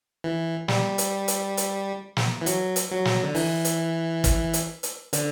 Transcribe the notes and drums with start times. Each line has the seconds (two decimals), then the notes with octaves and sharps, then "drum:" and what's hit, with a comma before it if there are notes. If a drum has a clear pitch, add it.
0.24 E3
0.68 G3, drum: snare
0.98 drum: hi-hat
1.28 drum: hi-hat
1.57 drum: hi-hat
2.17 drum: snare
2.41 E3
2.46 F#3, drum: hi-hat
2.76 drum: hi-hat
2.91 F#3
3.05 drum: snare
3.23 D3
3.35 E3, drum: open hi-hat
3.65 drum: hi-hat
4.24 drum: kick, hi-hat
4.53 drum: hi-hat
4.83 drum: hi-hat
5.13 D3, drum: hi-hat